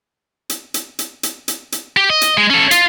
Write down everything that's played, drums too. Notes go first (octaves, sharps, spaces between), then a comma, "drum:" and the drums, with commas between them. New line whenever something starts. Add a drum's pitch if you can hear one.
drum: hi-hat
drum: hi-hat
drum: hi-hat
drum: hi-hat
drum: hi-hat
drum: hi-hat
G4
D#5
drum: hi-hat
G#3
C#4 A4
F4, drum: hi-hat